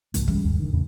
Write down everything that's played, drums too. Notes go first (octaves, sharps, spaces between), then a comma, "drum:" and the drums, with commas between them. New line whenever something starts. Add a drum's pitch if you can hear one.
C2 G#2 F3 A#3, drum: hi-hat
E3 G3 G#3 C#4, drum: kick
D#2 G#2
D3 D#3
E2 A2 C#3